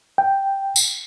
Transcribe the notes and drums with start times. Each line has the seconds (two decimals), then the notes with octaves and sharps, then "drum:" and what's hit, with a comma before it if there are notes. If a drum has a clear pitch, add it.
0.18 G5
0.76 drum: tambourine